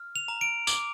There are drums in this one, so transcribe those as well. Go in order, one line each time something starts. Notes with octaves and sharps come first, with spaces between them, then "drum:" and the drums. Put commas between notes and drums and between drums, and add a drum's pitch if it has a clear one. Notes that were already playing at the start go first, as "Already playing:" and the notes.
Already playing: F6
F7
A#5
D7
D6, drum: tambourine